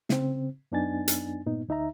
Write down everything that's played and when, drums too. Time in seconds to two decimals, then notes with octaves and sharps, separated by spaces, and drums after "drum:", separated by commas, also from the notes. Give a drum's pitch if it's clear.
0.09 C#3 C4, drum: snare
0.72 F#2 B3 D4 D#4 G#5 A6
1.08 drum: hi-hat
1.46 G2 A#2 B3 D#4
1.68 D2 D#4 E5 A#5